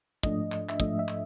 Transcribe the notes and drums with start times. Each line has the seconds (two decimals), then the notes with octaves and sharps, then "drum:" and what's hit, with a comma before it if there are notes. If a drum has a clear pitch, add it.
0.23 G#2 F3 A3 D4 D#5, drum: kick
0.52 drum: clap
0.69 E5, drum: clap
0.80 G#2 F3 A3 D4 D#5, drum: kick
0.99 E5
1.08 drum: clap